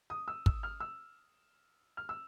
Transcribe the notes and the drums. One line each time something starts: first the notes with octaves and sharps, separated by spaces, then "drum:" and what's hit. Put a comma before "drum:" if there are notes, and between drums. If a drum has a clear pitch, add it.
D#6
E6
E6, drum: kick
F6
E6
F6
E6